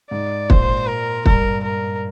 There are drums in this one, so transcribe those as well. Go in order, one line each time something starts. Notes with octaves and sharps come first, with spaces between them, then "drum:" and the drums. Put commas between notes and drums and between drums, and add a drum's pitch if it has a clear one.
G#2 D5
A#2 C5, drum: kick
A#4
G2 A#4, drum: kick
A#4